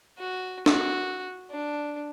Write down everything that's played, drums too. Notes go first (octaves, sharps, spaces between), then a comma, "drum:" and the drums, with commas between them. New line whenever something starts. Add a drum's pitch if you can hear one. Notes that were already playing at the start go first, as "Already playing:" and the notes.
F#4
F#4, drum: snare
D4